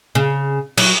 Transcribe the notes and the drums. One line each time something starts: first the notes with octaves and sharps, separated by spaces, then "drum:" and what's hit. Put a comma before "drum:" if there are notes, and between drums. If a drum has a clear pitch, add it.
C#3
F#3, drum: cymbal